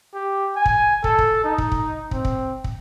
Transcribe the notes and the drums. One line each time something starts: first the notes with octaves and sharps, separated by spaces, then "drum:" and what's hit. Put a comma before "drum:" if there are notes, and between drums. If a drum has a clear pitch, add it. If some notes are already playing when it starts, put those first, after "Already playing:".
G4
G#5
drum: kick
A4, drum: kick
drum: kick
D#4
drum: kick
drum: kick
C4, drum: kick
drum: kick
drum: kick